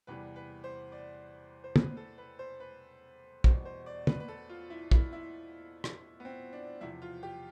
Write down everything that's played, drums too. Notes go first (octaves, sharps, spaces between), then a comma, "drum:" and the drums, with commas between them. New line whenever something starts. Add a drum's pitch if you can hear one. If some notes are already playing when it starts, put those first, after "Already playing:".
E2 C3 E3 G3 B4
B4
C5
D5
C5
B4, drum: tom
A4
B4
C5
B4
E2 B2 G3 C5, drum: kick
C5
D5
B4, drum: tom
B4
A4
F4
E4
E4, drum: kick
E4
drum: rim click
B3
C4
D4
E2 C3 F3 E4
F4
G4